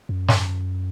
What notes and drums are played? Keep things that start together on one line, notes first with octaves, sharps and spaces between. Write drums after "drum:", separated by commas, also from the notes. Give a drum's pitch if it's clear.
F#2
drum: snare